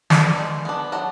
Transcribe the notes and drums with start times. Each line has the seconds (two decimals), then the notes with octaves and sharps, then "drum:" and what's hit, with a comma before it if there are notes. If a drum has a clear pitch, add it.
0.10 B3 D4, drum: snare
0.38 G#3
0.65 B3 D4
0.92 F#3 F#5 A5